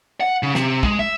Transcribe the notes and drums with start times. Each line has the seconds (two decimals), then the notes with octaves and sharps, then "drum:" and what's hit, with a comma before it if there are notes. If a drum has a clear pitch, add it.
0.20 F#5
0.43 C#3
0.55 C3, drum: snare
0.83 G#3, drum: kick
0.99 E5